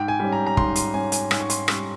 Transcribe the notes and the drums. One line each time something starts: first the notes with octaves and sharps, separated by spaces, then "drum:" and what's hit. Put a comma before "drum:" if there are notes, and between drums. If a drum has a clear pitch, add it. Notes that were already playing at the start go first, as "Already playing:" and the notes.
Already playing: G#2 G5
G#5
G3 C#4
A#5
A#5
G#2 C6, drum: kick
C6, drum: hi-hat
G3 C#4 G#5
G#5, drum: hi-hat
G#2 G#5, drum: rim click
C#6
C6, drum: hi-hat
G3 C#4 C#6, drum: rim click